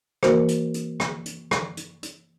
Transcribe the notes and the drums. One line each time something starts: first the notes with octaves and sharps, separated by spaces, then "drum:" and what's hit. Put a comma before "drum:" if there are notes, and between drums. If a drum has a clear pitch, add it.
E3 A#3 F#4 A#4 C5, drum: rim click
drum: hi-hat
drum: hi-hat
drum: rim click
drum: hi-hat
drum: rim click
drum: hi-hat
drum: hi-hat